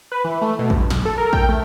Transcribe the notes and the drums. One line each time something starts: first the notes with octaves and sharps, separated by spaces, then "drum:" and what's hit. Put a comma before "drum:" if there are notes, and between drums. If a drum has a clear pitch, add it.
B4
E3
A3
B2
G1, drum: kick A#1
B1, drum: snare
A4
A#4
G5, drum: kick A#1
A3